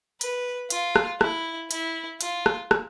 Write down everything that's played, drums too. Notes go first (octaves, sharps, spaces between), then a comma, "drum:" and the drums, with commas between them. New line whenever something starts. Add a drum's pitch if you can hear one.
B4, drum: hi-hat
F4, drum: hi-hat
drum: rim click
E4, drum: rim click
E4, drum: hi-hat
F4, drum: hi-hat
drum: rim click
drum: rim click